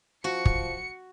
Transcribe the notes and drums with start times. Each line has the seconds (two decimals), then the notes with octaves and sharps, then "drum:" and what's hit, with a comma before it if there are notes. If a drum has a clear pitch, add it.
0.24 F3 F#4 C#7
0.45 drum: kick